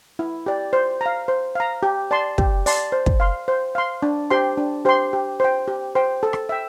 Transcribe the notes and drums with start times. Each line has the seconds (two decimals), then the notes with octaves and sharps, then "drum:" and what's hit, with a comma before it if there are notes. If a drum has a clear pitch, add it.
0.19 E4
0.46 G4 D5
0.73 C5
1.01 F5 A#5
1.28 C5
1.55 F5 A#5
1.83 G4
2.11 D5 A5 C6
2.38 G4, drum: kick
2.66 D5 A5 C6, drum: open hi-hat
2.92 C5
3.06 drum: kick
3.20 F5 C6
3.48 C5
3.75 F5 C6
4.02 D4
4.30 G4 C5 G5 C6
4.58 D4
4.85 G4 C5 G5 C6
5.13 G4
5.40 C5 G5
5.68 G4
5.95 C5 G5
6.23 A4
6.33 drum: rim click
6.49 E5 G5